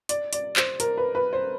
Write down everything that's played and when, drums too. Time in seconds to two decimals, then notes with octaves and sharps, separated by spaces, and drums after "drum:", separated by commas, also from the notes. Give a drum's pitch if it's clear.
0.09 D5, drum: hi-hat
0.33 D5, drum: hi-hat
0.56 C5, drum: clap
0.80 A#4, drum: hi-hat
0.97 B4
1.15 B4
1.33 C5